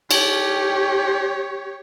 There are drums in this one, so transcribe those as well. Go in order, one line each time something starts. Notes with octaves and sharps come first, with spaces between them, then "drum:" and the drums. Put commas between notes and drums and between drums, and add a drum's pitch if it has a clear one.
G4 C#5, drum: cymbal